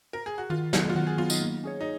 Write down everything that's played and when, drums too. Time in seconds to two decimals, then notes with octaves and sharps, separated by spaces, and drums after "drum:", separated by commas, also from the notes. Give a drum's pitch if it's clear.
0.13 A#4
0.26 G#4
0.38 F#4
0.50 D#3 F4
0.73 F#3 B3 F#4, drum: snare
0.89 F4
0.95 D#3 F#4
1.07 G#4
1.18 F#3 B3 F4
1.30 D#4, drum: tambourine
1.41 A#3
1.64 C#4 G#4 C#5
1.81 D#4